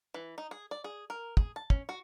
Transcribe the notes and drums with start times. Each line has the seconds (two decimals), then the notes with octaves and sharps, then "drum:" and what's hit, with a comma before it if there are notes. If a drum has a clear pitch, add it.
0.14 E3
0.38 D#4
0.51 G#4
0.71 D5
0.84 G#4
1.10 A#4
1.37 G#4, drum: kick
1.56 A5
1.70 C#4, drum: kick
1.89 F#4